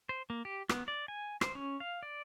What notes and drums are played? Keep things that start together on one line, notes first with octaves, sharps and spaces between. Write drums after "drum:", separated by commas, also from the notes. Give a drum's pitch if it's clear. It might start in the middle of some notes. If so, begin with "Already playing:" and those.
C5
A#3
G4
B3, drum: rim click
D5
G#5
C5, drum: rim click
C#4
F5
D5